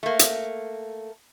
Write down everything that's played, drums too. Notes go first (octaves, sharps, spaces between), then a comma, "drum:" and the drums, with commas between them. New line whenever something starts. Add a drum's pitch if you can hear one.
A3 A#3
drum: hi-hat